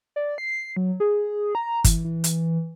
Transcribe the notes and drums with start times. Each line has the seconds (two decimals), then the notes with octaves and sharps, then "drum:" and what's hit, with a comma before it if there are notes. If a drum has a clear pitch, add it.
0.16 D5
0.38 C7
0.77 F#3
1.00 G#4
1.55 A#5
1.84 E3, drum: kick G1, hi-hat
2.04 E3
2.24 drum: hi-hat